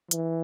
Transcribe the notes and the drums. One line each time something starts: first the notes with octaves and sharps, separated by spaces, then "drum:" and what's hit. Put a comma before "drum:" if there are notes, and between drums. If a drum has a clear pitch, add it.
E3, drum: hi-hat